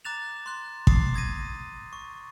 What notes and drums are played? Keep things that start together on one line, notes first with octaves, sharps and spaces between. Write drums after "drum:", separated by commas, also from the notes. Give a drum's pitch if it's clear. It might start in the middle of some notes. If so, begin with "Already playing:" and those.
A#5 D6 F#6 A6 E7 F7
C6 F#6
D6 D#6 A6 C7, drum: kick
D#6 G#6 A#6 D#7
C#6